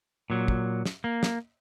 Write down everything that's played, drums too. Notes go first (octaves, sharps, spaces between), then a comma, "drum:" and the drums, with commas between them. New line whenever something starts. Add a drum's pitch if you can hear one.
A#2 F#3
drum: kick
drum: snare
A#3
drum: snare